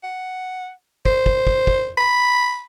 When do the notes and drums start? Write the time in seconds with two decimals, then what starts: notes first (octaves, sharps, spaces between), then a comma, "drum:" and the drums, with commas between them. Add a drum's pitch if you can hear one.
0.03 F#5
1.05 C5, drum: kick
1.26 drum: kick
1.47 drum: kick
1.67 drum: kick
1.97 B5